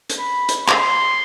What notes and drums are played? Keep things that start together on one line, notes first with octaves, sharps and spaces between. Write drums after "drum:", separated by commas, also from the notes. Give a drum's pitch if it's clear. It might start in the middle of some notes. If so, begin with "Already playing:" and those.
drum: hi-hat
B5
drum: hi-hat
C6, drum: clap